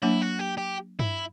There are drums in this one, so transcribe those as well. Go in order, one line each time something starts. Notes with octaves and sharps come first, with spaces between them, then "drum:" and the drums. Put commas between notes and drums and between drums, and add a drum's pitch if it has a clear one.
F#3 A#3 D4 E4
F#4
G4
G4
E4, drum: tom G2